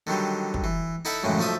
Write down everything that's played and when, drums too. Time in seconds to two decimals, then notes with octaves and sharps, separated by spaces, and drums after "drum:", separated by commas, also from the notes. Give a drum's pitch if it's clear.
0.07 D3 D#3 F#3 G3
0.54 drum: kick
0.64 E3
1.05 D#4 E4 A4 E5 F#5
1.23 F#2 A2 C#3 E3 G#3
1.38 B1 F3 A3 F4 E5 D#6